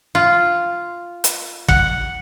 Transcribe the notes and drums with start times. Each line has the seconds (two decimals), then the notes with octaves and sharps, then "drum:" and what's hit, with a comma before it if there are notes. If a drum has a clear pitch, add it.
0.15 F4
1.24 drum: hi-hat
1.68 F#5, drum: kick